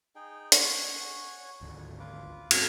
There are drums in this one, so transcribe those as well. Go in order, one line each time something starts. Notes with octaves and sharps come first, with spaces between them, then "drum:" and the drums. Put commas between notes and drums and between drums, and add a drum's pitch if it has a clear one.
D#4 G#4 G5
C#5 F#5 G#5, drum: hi-hat
G#1 D2
F4 B4 D6
G#2 G#3 F4, drum: cymbal